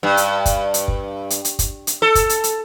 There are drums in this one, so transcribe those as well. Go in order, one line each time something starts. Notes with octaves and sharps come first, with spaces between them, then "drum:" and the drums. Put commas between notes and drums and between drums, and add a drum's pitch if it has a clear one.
G2
drum: hi-hat
drum: kick, hi-hat
drum: hi-hat
drum: kick
drum: hi-hat
drum: hi-hat
drum: kick, hi-hat
drum: hi-hat
A4
drum: kick, hi-hat
drum: hi-hat
drum: hi-hat